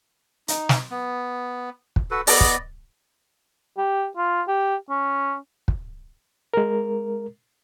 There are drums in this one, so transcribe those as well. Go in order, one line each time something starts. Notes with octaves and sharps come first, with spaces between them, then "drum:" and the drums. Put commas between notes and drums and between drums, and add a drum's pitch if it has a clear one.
D#4, drum: hi-hat
drum: snare
B3
drum: kick
F#4 A4 B4
B3 D5 D#5, drum: open hi-hat
drum: kick
G4
F4
G4
C#4
drum: kick
G#3 A#4